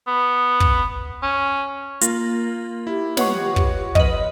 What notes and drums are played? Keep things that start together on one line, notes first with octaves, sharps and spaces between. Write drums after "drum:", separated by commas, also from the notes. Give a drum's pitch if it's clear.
B3
drum: kick
C#4
A#3 F4, drum: hi-hat
E4 G4
F4 B4 C#5 D#5 F#5 C#6, drum: snare
drum: kick
F3 B4 D#5, drum: kick